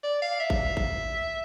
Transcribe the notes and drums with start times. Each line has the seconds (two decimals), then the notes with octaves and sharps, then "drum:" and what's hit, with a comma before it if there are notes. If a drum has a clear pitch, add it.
0.03 D5
0.22 F5
0.40 E5
0.50 drum: kick G#1
0.77 drum: kick G#1